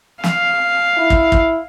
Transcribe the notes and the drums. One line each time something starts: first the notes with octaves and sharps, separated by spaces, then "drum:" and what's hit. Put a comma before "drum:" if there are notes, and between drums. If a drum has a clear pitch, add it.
F5, drum: snare
E4
drum: kick
drum: kick